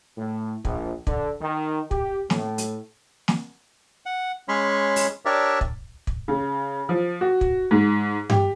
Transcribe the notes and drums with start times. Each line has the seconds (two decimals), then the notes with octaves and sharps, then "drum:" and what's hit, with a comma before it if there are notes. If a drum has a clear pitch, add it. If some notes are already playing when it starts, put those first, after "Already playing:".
0.17 A2
0.65 A#1, drum: kick
1.07 D3, drum: kick
1.41 D#3
1.91 G4, drum: kick
2.30 A2, drum: snare
2.58 drum: hi-hat
3.28 drum: snare
4.06 F#5
4.48 G#3 C#4 C#5 B5 C6
4.96 drum: open hi-hat
5.25 D4 G4 A#4 C#5 D5 E5
5.61 drum: kick
6.07 drum: kick
6.28 C#3
6.89 F3
7.21 F#4
7.41 drum: kick
7.71 G#2
8.30 G4, drum: tom G2